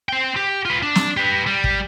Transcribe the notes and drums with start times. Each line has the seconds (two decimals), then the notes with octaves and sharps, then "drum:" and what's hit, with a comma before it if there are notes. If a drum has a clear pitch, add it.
0.09 C5 G5
0.36 G4
0.65 F4 B4
0.83 D4
0.95 drum: snare
1.17 G4 B4
1.47 G3
1.64 drum: kick